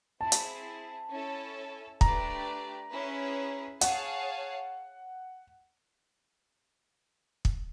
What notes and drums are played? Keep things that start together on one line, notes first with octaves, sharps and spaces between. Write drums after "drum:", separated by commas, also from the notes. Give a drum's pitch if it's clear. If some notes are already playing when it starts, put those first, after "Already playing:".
C4 E4 G#4 A5
drum: hi-hat
C#4 E4 A4
A3 D4 G4 B4 D5 A#5, drum: kick
C#4 E4 G#4 B4
G#4 C#5 F5 F#5 A5, drum: hi-hat
drum: kick